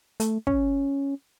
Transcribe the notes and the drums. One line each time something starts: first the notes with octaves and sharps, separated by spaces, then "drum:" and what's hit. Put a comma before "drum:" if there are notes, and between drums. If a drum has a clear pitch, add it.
A3, drum: hi-hat
C#4, drum: kick